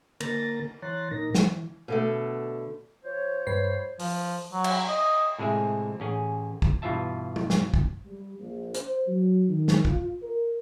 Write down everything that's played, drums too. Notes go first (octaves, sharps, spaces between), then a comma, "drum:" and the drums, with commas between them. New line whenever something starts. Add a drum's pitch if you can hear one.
D3 A#3 A#4 A6 A#6, drum: cymbal
E3 C#5 A#5 C6 F#6 A6
A#2 D#4 A#4 A#6
E3, drum: snare
B2 D3 A3
F3 C5 C#5
G2 B4 C7
F3, drum: open hi-hat
F#3
drum: cymbal
D#5
A2 C3 G#3 G#4 E5
A1 C#4 G#4
drum: kick
G2 B2 E3 F4 E5 A5
drum: tom
drum: snare
drum: kick
G3
A#1
C5, drum: hi-hat
F#3
D#3
drum: snare
F4, drum: kick
A#4